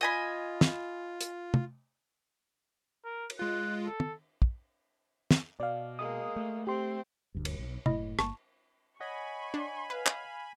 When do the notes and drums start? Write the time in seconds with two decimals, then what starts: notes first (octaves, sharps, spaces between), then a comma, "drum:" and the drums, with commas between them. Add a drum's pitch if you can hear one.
0.01 F4 D#5 G#5 B5
0.61 drum: snare
1.21 drum: hi-hat
1.54 drum: tom
3.05 A#4
3.30 drum: cymbal
3.39 G#3 F4 F#6
3.86 A4
4.00 drum: tom
4.42 drum: kick
5.31 drum: snare
5.60 B2 D5 F5
5.99 G#3 A#3 D#6
6.36 A3
6.67 C4 G4 C6
7.35 D#1 D2 G2
7.45 drum: cymbal
7.59 B1
7.86 F#1 A2 E4 D#5, drum: tom
8.19 G1 A#3 A5 C#6, drum: rim click
9.00 C#5 D#5 F#5 G#5 B5 C#6
9.54 D4
9.90 B4 F5
10.06 drum: clap